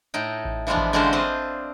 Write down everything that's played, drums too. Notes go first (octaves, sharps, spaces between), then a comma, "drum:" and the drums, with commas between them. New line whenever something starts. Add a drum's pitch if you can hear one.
A2 D#4 G5
drum: kick A1
E3 F3 G#3 B3 D4
drum: kick A1
D3 E3 G#3 C#4 F#4 C5
C4 D4 F4 D#5